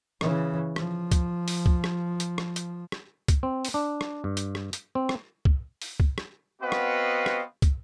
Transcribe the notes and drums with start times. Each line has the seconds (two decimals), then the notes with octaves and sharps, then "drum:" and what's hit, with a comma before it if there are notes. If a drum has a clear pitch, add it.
0.21 C#3 E3, drum: rim click
0.76 F3, drum: rim click
1.12 drum: kick, hi-hat
1.48 drum: open hi-hat
1.66 drum: kick
1.84 drum: rim click
2.20 drum: hi-hat
2.38 drum: rim click
2.56 drum: hi-hat
2.92 drum: rim click
3.28 drum: kick, hi-hat
3.43 C4
3.65 drum: open hi-hat
3.74 D4
4.01 drum: rim click
4.24 G2
4.37 drum: hi-hat
4.55 drum: rim click
4.73 drum: hi-hat
4.95 C4
5.09 drum: rim click
5.45 drum: kick
5.82 drum: open hi-hat
6.00 drum: kick
6.18 drum: rim click
6.62 B3 C4 F#4 B4 D#5 F5
6.72 drum: rim click
7.26 drum: rim click
7.62 drum: kick, hi-hat